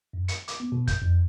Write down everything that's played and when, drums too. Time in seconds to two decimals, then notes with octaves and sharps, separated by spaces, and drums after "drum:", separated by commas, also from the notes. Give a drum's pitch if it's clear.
0.13 F#2
0.28 C#7, drum: hi-hat
0.48 D6, drum: hi-hat
0.60 B3
0.72 B2
0.87 G6, drum: kick, hi-hat
1.02 F2